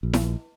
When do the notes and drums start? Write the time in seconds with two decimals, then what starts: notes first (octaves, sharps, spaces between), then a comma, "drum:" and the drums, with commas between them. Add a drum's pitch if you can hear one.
0.03 A#1
0.13 drum: snare E4